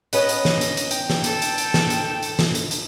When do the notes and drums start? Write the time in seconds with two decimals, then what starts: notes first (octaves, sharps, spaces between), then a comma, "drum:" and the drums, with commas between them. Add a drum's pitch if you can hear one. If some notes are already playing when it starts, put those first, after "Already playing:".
0.13 B3 C#4 B4 D#5, drum: hi-hat
0.29 drum: hi-hat
0.45 drum: snare
0.61 drum: hi-hat
0.77 drum: hi-hat
0.91 G5, drum: hi-hat
1.10 drum: snare
1.24 A4, drum: hi-hat
1.42 drum: hi-hat
1.58 drum: hi-hat
1.74 drum: snare
1.90 drum: hi-hat
2.23 drum: hi-hat
2.39 drum: snare
2.55 drum: hi-hat
2.71 drum: hi-hat